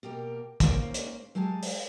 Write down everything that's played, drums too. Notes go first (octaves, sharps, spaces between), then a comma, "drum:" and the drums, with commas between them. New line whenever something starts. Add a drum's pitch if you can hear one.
B2 A#3 G4 A#4
G#2 A#3 C#4 C5 D5, drum: kick, hi-hat
drum: hi-hat
F#3 G#3 G4 G#4 A5
drum: open hi-hat